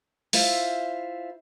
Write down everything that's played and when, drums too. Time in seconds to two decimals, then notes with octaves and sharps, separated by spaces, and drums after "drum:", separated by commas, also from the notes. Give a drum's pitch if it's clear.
0.33 E4 F4 C5 E5 F5, drum: open hi-hat